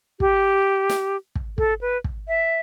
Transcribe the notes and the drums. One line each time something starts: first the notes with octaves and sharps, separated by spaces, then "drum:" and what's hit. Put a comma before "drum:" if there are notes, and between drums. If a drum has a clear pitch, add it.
G4, drum: kick
drum: snare
drum: kick
A4, drum: kick
B4
drum: kick
E5